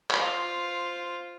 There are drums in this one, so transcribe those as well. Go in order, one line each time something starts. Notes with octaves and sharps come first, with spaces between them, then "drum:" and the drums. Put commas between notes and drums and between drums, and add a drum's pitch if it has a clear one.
F4 C5, drum: clap